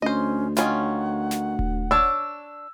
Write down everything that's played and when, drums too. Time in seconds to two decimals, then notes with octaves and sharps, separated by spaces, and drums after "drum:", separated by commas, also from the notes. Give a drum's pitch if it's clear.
0.02 D2 C#4 C5 D#5
0.57 D#3 C#4 F4 F#5, drum: snare
1.31 drum: snare
1.59 drum: kick D#1
1.91 D4 C#5 A5 E6